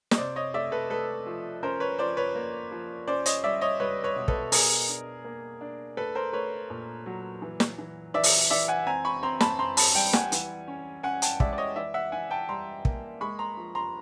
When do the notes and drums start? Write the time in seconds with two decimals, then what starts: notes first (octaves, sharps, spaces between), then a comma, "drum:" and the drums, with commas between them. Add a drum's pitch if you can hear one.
0.11 D#5, drum: snare
0.18 C3 C5 D5
0.36 C#5 D#5
0.54 A3 D5 E5
0.72 A4 B4
0.90 A3 A4 B4
1.27 F3
1.63 C#4 A#4 C5
1.80 B4 C#5
1.98 F3 C5 D5
2.17 B4 C#5
2.35 A#3
2.71 F3
3.08 C#4 C5 D5
3.26 C#5 D#5, drum: hi-hat
3.44 G3 D5 E5
3.61 C#5 D#5
3.80 G3 B4 C#5
4.04 B4 C#5
4.16 B2
4.28 A4 B4, drum: kick
4.52 B2 G#4 A#4, drum: open hi-hat
4.88 D4
5.25 A#3
5.61 D4
5.97 A3 A4 B4
6.15 A#4 C5
6.33 A3 B4 C#5
6.70 A#2
7.06 F#3
7.42 E3
7.60 drum: snare
7.78 E3
8.14 E3 D5 E5
8.24 drum: open hi-hat
8.50 E3 D5 E5
8.68 F#5 G#5
8.87 C4 G#5 A#5
9.05 B5 C#6
9.23 C4 A#5 C6
9.41 A5 B5, drum: snare
9.59 C4 A#5 C6
9.77 A5 B5, drum: open hi-hat
9.95 G3 G5 A5
10.13 F#5 G#5, drum: snare
10.32 E3, drum: hi-hat
10.68 C#4
11.03 C#4 F#5 G#5
11.22 G5 A5, drum: hi-hat
11.40 G#3 D5 E5, drum: kick
11.53 D5
11.58 C#5 D#5
11.76 E3 D5 E5
11.94 E5 F#5
12.12 E3 F#5 G#5
12.31 G5 A5
12.49 G3 A#5 C6
12.85 A#3, drum: kick
13.21 G#3 B5 C#6
13.39 A#5 C6
13.57 F3
13.75 A#5 C6